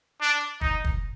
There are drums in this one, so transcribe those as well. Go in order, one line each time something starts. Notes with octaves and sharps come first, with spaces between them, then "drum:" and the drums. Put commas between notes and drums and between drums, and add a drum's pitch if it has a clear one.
D4
D#4, drum: kick
drum: kick